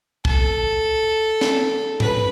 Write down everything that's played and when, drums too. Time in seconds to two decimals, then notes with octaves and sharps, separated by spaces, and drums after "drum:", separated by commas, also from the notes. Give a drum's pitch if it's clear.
0.25 A4, drum: kick
1.41 drum: snare
2.00 B4, drum: tom G#2